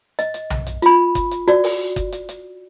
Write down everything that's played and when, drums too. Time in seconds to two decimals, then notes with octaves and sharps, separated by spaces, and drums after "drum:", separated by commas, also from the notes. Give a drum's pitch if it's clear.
0.19 D#5, drum: hi-hat
0.34 drum: hi-hat
0.50 drum: tom B1
0.67 drum: hi-hat
0.82 F4 B5, drum: hi-hat
1.15 drum: kick F#1, hi-hat
1.31 drum: hi-hat
1.48 F#4 D5, drum: hi-hat
1.64 drum: open hi-hat
1.96 drum: kick F#1, hi-hat
2.12 drum: hi-hat
2.29 drum: hi-hat